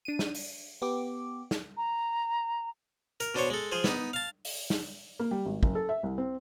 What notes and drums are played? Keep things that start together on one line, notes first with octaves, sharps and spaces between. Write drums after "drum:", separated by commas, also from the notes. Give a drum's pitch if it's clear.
D4 D#7
drum: snare
drum: open hi-hat
B3 G4 D6
drum: snare
A#5
A#4, drum: hi-hat
B2 D4 C5 C#5
G#3 A4
F3 G#4 C5
B3 D#4, drum: snare
F5 A5
drum: open hi-hat
drum: snare
A#3
G3
G#1
F#1, drum: kick
A4
E5
C2
C4